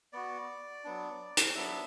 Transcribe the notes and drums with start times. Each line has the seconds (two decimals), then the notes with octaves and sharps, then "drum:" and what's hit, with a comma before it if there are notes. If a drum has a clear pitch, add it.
0.13 B3 F#4 D5
0.84 F#3 B3 D4
1.37 drum: hi-hat
1.55 F#3 B3 D4 E5